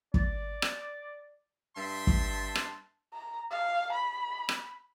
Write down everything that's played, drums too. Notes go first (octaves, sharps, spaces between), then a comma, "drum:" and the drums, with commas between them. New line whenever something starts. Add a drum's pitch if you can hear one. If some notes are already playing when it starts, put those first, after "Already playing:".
D5, drum: kick
drum: rim click
G2 E5 A5 C6
drum: kick
drum: rim click
A#5
F5
B5
drum: rim click